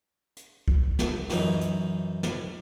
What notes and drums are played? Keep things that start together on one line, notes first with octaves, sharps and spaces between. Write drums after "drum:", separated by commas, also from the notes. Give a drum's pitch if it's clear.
drum: hi-hat
drum: kick
drum: snare
F#2 E3 D#4, drum: snare
drum: hi-hat
drum: snare